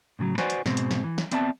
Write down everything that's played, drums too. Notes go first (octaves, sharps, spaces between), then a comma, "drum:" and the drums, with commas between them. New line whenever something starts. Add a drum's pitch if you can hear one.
A2 C#3 F3 F#3
F#4 B4 C5 D5 F#5 G#5, drum: snare
drum: hi-hat
G#2 B2 G#3 C4, drum: snare
drum: hi-hat
drum: snare
E3
drum: snare
B3 C4 D5 E5 F#5 A5, drum: hi-hat